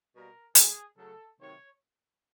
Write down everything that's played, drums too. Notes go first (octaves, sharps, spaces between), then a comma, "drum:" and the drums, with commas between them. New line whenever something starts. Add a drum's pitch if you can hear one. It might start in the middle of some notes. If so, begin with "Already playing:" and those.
B2 G3 A#3 A#4
D3 F#3 A#3 G#4, drum: hi-hat
C#3 F#3 A3 A4
C3 D#3 F#3 A3 C#5